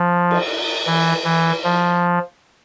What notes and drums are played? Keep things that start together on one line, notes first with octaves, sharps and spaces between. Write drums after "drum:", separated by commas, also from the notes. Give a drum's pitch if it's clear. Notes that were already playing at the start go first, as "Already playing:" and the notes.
Already playing: F3
drum: cymbal
E3
E3
F3